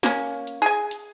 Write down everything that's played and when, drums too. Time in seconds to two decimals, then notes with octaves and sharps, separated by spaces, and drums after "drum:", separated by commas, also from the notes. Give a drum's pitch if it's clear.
0.03 A#3 C#4, drum: snare
0.47 drum: hi-hat
0.62 G#4 G#5
0.91 drum: hi-hat